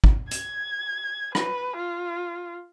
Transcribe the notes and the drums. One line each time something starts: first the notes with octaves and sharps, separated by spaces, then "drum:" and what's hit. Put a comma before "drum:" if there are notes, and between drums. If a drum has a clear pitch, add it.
drum: kick
G#6, drum: hi-hat
B4, drum: rim click
F4